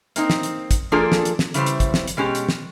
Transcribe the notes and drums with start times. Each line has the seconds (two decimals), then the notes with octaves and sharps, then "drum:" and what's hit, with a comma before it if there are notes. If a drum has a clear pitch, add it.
0.16 A#3 C4 D#4, drum: hi-hat
0.30 drum: snare
0.43 drum: hi-hat
0.71 drum: kick, hi-hat
0.92 F3 A#3 D4 F4 G#4 A4
1.12 drum: snare
1.25 drum: hi-hat
1.39 drum: snare
1.54 C#3 E3 G3 C5, drum: hi-hat
1.66 drum: hi-hat
1.80 drum: kick, hi-hat
1.94 drum: snare
2.08 drum: hi-hat
2.17 B2 G#3 C#4 G4
2.35 drum: hi-hat
2.49 drum: snare